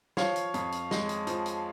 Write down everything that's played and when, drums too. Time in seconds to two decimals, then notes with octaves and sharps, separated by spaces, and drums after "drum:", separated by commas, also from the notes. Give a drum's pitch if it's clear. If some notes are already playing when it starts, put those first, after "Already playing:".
0.17 F3 C#5 F5, drum: snare
0.36 drum: hi-hat
0.54 F2, drum: hi-hat
0.72 drum: hi-hat
0.91 G#3, drum: snare
1.09 drum: hi-hat
1.27 F3, drum: hi-hat
1.46 drum: hi-hat